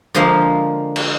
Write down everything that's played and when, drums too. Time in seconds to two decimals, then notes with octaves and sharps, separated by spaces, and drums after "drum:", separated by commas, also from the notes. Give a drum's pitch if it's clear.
0.14 D3 F3 G#3 A#3 C5 F5
0.96 drum: cymbal